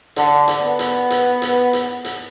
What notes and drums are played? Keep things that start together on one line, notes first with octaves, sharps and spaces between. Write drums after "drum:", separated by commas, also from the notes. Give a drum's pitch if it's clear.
D3, drum: hi-hat
drum: hi-hat
B3
drum: hi-hat
drum: hi-hat
drum: hi-hat
drum: hi-hat
drum: hi-hat